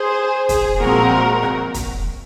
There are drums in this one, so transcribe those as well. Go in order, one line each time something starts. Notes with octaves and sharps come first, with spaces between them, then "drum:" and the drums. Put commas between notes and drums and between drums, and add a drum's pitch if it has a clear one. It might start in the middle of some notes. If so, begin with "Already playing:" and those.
Already playing: G#4 C5
G#4, drum: kick, hi-hat
A#2 F3 G#3 C4 F#4 A#4
drum: rim click
drum: kick, hi-hat